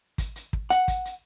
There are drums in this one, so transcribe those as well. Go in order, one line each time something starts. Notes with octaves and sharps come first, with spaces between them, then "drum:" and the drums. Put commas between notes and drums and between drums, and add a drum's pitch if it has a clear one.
drum: kick, hi-hat
drum: hi-hat
drum: kick
F#5, drum: hi-hat
drum: kick, hi-hat
drum: hi-hat